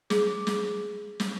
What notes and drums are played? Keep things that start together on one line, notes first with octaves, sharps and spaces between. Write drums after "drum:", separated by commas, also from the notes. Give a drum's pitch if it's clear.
G#4, drum: snare
drum: snare
drum: snare